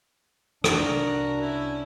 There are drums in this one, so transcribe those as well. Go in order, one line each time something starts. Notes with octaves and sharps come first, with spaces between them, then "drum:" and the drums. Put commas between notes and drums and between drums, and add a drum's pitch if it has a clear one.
C2 D4 F#4 A#4, drum: rim click
C#4 E4